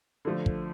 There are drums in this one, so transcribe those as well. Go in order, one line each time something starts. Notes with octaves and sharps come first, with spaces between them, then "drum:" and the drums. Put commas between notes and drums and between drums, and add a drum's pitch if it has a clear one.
D3 F3 A3
drum: kick